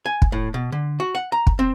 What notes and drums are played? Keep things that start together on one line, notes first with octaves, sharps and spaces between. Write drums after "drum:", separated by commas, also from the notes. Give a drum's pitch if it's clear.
G#5
drum: kick
A2
B2
D3
F#4
F#5
A#5
drum: kick
C4